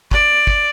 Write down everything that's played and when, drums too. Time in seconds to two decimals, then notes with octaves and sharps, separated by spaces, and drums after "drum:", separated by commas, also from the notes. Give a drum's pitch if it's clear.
0.11 D5, drum: kick
0.47 drum: kick